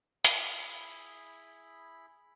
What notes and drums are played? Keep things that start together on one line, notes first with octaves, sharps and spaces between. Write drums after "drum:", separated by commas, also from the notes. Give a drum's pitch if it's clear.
E4 G#4 B5, drum: hi-hat